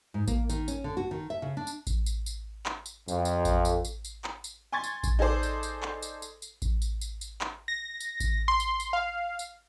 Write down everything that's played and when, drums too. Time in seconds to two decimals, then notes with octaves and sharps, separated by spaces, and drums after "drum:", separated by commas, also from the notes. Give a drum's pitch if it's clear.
0.14 G#2
0.28 A#3, drum: kick A1, tambourine
0.49 D#3, drum: tambourine
0.68 C#4, drum: tambourine
0.84 D3
0.97 F#4
1.11 D#3
1.30 E5
1.42 C#3
1.57 D4
1.67 drum: tambourine
1.87 drum: kick A1, tambourine
2.06 drum: tambourine
2.26 drum: tambourine
2.66 drum: clap
2.86 drum: tambourine
3.08 F2, drum: tambourine
3.25 drum: tambourine
3.45 drum: kick A1, tambourine
3.65 drum: tambourine
3.85 drum: tambourine
4.04 drum: tambourine
4.24 drum: clap
4.44 drum: tambourine
4.72 G#5 C6 C#6 G#6 A6
4.84 drum: tambourine
5.03 drum: kick A1, tambourine
5.19 D#4 G#4 A4 C5 D5
5.43 drum: tambourine
5.63 drum: tambourine
5.83 drum: clap
6.02 drum: tambourine
6.22 drum: tambourine
6.42 drum: tambourine
6.62 drum: kick A1, tambourine
6.82 drum: tambourine
7.01 drum: tambourine
7.21 drum: tambourine
7.41 drum: clap
7.68 A#6
8.00 drum: tambourine
8.20 drum: kick A1, tambourine
8.48 C6
8.60 drum: tambourine
8.80 drum: tambourine
8.93 F5
9.39 drum: tambourine